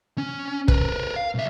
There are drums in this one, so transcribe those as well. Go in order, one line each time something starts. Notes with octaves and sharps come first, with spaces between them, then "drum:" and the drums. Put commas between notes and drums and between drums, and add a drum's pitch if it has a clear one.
C#4
A#4 B4, drum: kick
F5
B1 E5